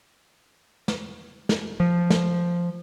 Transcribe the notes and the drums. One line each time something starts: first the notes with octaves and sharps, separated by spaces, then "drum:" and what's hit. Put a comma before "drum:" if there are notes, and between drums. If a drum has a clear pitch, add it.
drum: snare
drum: snare
F3
drum: snare